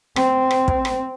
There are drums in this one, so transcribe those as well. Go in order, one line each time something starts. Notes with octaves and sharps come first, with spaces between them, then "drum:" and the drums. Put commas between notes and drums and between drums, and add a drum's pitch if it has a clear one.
C4, drum: rim click
drum: rim click
drum: kick
drum: rim click